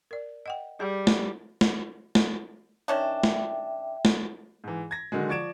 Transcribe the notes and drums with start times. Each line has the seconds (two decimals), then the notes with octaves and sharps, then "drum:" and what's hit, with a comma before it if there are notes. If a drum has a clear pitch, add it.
0.11 A#4 D5
0.46 D#5 F#5 G5
0.80 G3 G#4
1.07 drum: snare
1.61 drum: snare
2.15 drum: snare
2.88 D#3 C#4 D4 E5 G5
3.24 drum: snare
4.05 drum: snare
4.64 G#2 E3
4.91 G#6 A#6
5.12 D3 D#3 F#3 G#3
5.29 F3 D5 C#6 G#6 D7 E7